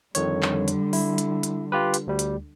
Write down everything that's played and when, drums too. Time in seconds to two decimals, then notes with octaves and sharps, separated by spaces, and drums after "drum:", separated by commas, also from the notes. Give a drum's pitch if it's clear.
0.15 F2 D3 D#3 G3 C#5, drum: hi-hat
0.43 drum: clap
0.68 drum: hi-hat
0.93 E4, drum: open hi-hat
1.18 drum: hi-hat
1.43 drum: hi-hat
1.72 F4 G4 B4
1.94 drum: hi-hat
2.07 D2 G3
2.19 drum: hi-hat